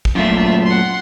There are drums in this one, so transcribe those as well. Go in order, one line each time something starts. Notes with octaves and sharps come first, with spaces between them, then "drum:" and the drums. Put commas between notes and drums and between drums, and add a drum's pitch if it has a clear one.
drum: kick
F#2 A#2 A3 F4 E5
F#5 C6